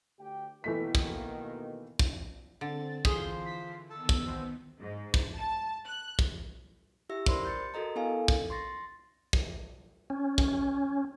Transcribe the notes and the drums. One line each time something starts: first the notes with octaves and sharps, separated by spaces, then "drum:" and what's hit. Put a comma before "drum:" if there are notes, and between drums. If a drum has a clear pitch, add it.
D2 G4 G5
B2 D#3 E3 A3 A#3 B6
drum: kick
drum: kick
D3 C4 A6
E3 F3 F4 G#4 C5 C6, drum: kick
B6
D#3 B3 A4 E6
drum: kick
B2 E3 C4
G#2
drum: kick
A5
F#6
drum: kick
E4 G4 E5 E6 A#6
A#4 C5 D5 B5 C6, drum: kick
G6 A6 C#7
F#4 A4 A#4 D#5 A#5
B3 E4 A4 A#4 F5 G#5
drum: kick
C6 C#6 A6 A#6
drum: kick
C#4
drum: kick